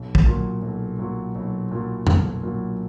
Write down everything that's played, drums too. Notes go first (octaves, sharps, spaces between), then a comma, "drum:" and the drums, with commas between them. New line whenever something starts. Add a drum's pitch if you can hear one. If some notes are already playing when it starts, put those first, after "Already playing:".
Already playing: B1
drum: kick
A#2 F#3
B1
A#2 F#3
B1
A#2 F#3
B1, drum: tom F2
A#2 F#3